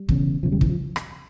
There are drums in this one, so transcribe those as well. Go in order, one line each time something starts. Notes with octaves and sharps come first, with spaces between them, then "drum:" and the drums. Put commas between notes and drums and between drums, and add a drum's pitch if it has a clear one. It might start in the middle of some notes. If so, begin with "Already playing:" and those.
Already playing: G3
E1 E2 C#3, drum: kick
E1 E2 C#3 F3
G3
E3, drum: kick
F3
drum: rim click